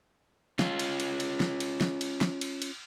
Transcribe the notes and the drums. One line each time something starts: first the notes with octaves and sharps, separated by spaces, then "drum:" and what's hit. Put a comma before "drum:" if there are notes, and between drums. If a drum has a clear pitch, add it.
C#4 F4, drum: snare
drum: cymbal
drum: cymbal
drum: cymbal
drum: snare
drum: cymbal
drum: snare
drum: cymbal
drum: snare
drum: cymbal
drum: cymbal